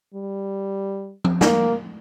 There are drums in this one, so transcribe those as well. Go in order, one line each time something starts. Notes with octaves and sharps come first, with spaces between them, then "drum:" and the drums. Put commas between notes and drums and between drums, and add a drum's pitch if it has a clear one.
G3
drum: tom F3
A#3, drum: snare